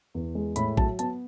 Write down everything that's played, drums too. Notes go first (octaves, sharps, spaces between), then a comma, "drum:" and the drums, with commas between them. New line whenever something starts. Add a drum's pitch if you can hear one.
E2
G#3
A2 B5, drum: hi-hat
F#3 A5, drum: kick A1
B3 A5, drum: hi-hat